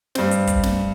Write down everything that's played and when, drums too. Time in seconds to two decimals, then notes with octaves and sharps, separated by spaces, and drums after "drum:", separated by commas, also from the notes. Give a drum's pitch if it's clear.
0.15 G2 C4, drum: snare
0.31 drum: hi-hat
0.47 drum: kick, hi-hat
0.63 drum: snare